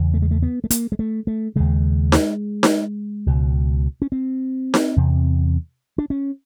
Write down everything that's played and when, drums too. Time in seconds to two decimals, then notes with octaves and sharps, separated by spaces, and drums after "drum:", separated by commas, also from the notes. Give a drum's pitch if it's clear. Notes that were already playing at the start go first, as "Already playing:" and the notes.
Already playing: E2 C#3
0.14 A3
0.22 G#3
0.31 A3
0.42 B3
0.64 A3
0.71 A#3, drum: hi-hat
0.92 G#3
0.99 A3
1.27 A3
1.56 D#2 C#3 G#3
2.12 drum: snare D#4
2.63 drum: snare D#4
3.26 C#2 B2
4.02 C#4
4.12 C4
4.74 drum: snare D#4
4.96 E2 C3
5.98 D4
6.10 C#4